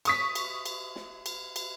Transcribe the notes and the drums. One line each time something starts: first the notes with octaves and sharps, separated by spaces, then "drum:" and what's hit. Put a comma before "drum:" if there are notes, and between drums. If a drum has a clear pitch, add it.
C#6 D#6 B6, drum: cymbal
drum: cymbal
drum: cymbal
drum: snare
drum: cymbal
drum: cymbal